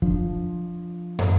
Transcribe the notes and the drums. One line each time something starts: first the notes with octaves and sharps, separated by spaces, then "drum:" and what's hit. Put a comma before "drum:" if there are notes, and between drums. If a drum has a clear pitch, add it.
F3 D4, drum: kick F2
drum: tom